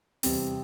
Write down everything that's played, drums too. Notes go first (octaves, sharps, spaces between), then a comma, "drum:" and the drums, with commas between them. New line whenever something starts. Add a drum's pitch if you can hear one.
E2 C3 G3 C4, drum: open hi-hat